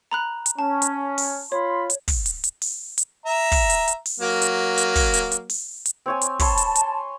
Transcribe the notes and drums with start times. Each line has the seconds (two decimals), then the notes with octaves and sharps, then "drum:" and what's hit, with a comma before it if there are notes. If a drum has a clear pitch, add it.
0.12 A#5 B5 F#6
0.46 drum: hi-hat
0.59 C#4 A5
0.82 drum: hi-hat
1.18 drum: open hi-hat
1.52 F4 C#5 B5 C6
1.90 drum: hi-hat
2.08 drum: kick, open hi-hat
2.26 drum: hi-hat
2.44 drum: hi-hat
2.62 drum: open hi-hat
2.98 drum: hi-hat
3.26 E5 A#5
3.52 drum: kick, open hi-hat
3.70 drum: hi-hat
3.88 drum: hi-hat
4.06 drum: open hi-hat
4.20 F#3 A#3
4.42 drum: hi-hat
4.78 drum: hi-hat
4.96 drum: kick, open hi-hat
5.14 drum: hi-hat
5.31 drum: hi-hat
5.49 drum: open hi-hat
5.85 drum: hi-hat
6.06 C4 C#5 G#5
6.21 drum: hi-hat
6.39 C#5 A5 B5 C6, drum: kick, open hi-hat
6.57 drum: hi-hat
6.75 drum: hi-hat